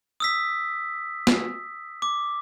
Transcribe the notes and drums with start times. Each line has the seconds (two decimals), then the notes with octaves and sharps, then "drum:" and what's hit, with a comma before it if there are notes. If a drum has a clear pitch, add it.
0.20 D#6 E6 B6
1.27 drum: snare
2.02 D6